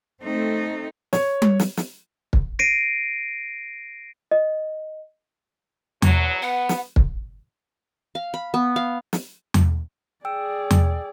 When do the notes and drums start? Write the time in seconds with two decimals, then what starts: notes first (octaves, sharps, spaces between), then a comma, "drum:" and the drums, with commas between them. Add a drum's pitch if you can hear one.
0.23 A3 C4 D#4
1.13 C#5, drum: snare
1.42 drum: tom G3
1.60 drum: snare
1.77 drum: snare
2.33 drum: kick
2.59 A#6 C7 D7 D#7
4.31 D#5
6.02 E2 F#3, drum: tom E2
6.42 B3 F#5
6.69 drum: snare
6.96 drum: kick
8.15 F5
8.34 B5
8.54 B3
8.76 F5
9.13 drum: snare
9.54 drum: tom E2
10.25 G#4 D5 G5 E6 D7
10.71 drum: tom E2